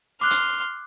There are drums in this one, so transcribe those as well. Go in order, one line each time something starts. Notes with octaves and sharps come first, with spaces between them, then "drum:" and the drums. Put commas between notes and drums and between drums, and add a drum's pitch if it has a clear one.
C6 D6 F6 F#6
drum: hi-hat